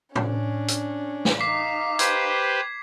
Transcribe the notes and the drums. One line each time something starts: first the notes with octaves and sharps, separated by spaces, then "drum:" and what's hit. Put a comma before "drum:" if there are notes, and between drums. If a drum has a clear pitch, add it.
C#4 D4, drum: tom
drum: hi-hat
drum: snare
D#4 F5 D6 B6 C7
G4 B4 C5 G#6, drum: hi-hat